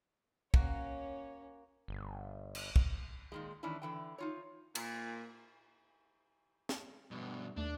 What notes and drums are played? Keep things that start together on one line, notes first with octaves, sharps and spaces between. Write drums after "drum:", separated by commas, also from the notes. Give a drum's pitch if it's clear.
A#3 C#4 F#4 C#5, drum: kick
G1
drum: cymbal
drum: kick
A#2 D#3 G#3
D#3 E3 C#4 D4 E4
D3 E3 G5
D#4 F4 C#5
A#2, drum: cymbal
drum: snare
G2 B2
D#2 A3 D4